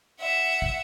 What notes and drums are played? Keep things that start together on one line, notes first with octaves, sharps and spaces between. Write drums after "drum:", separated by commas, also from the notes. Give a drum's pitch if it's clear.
E5 F#5
drum: kick